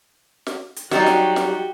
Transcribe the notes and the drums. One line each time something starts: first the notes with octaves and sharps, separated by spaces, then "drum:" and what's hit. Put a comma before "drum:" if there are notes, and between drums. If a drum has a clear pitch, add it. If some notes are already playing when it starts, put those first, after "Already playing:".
drum: snare
drum: hi-hat
F#3 G3 D#4 F#4 G4, drum: snare
drum: snare
drum: snare